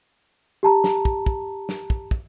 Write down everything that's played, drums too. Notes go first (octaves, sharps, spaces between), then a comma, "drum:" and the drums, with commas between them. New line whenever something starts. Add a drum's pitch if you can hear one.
G4 A5 A#5
drum: snare
drum: kick
drum: kick
drum: snare
drum: kick
drum: kick